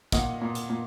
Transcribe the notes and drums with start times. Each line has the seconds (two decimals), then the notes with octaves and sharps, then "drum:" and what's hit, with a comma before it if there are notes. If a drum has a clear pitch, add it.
0.12 A#2 D#5 F#5, drum: kick, hi-hat
0.41 A#2
0.55 drum: hi-hat
0.70 A#2